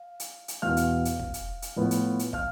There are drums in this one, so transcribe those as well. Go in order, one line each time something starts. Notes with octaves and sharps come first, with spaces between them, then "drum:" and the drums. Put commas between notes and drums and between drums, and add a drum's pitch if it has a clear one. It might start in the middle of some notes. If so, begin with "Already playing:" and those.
Already playing: F5
drum: hi-hat
drum: hi-hat
E2 B2 B3 F5 F6
drum: hi-hat
drum: hi-hat
drum: kick
drum: hi-hat
drum: hi-hat
A2 F3 B3
drum: hi-hat
drum: hi-hat
F5 F6, drum: kick